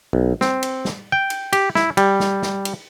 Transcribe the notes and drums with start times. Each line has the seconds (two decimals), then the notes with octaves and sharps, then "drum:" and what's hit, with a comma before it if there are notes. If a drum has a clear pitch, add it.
0.13 B1
0.41 C4, drum: snare
0.63 drum: cymbal
0.85 drum: snare
1.12 G5
1.30 drum: cymbal
1.53 G4, drum: cymbal
1.75 E4, drum: snare
1.97 G3, drum: cymbal
2.20 drum: snare
2.43 drum: snare
2.65 drum: cymbal